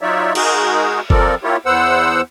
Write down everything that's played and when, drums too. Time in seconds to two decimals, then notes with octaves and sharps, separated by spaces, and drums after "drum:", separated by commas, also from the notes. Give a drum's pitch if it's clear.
0.01 F#3 D#4 F4 C#5 D5 E5
0.35 G#3 D#4 F#4 G#4 A#4, drum: cymbal
1.10 F3 C4 A4 A#4 D5, drum: kick F#1
1.43 A#3 E4 F4 G4 C#5
1.66 E2 B3 C5 F#5 E6